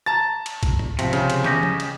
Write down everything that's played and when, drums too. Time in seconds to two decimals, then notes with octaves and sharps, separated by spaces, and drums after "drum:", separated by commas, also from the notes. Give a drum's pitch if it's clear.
0.06 A5 A#5 A6
0.46 drum: cymbal
0.63 drum: kick A#1, cymbal
0.79 drum: tom
0.99 C3 F3, drum: cymbal
1.13 C#3, drum: cymbal
1.30 drum: cymbal
1.44 C#4 G4 D#5, drum: snare
1.63 drum: tom
1.80 drum: cymbal